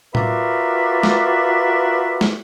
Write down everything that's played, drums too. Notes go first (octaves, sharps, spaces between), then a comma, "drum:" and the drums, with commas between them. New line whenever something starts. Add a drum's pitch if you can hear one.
F4 F#4 A#4 B4 D5 E5, drum: tom A2
drum: snare
drum: snare